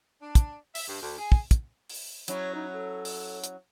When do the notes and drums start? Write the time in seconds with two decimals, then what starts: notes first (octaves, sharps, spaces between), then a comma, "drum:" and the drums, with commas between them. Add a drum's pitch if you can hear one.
0.21 D4
0.35 drum: kick, hi-hat
0.75 E5, drum: open hi-hat
0.88 G2
1.02 D2
1.19 G#4
1.32 drum: kick
1.51 drum: kick, hi-hat
1.89 drum: open hi-hat
2.28 F#3 C#4 E4 C#5, drum: hi-hat
2.55 D#4
2.73 A4
3.05 drum: open hi-hat
3.44 drum: hi-hat